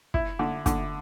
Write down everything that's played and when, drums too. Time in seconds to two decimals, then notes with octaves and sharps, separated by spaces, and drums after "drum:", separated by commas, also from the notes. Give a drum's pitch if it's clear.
0.14 E4, drum: kick
0.39 D3
0.66 D3, drum: kick, hi-hat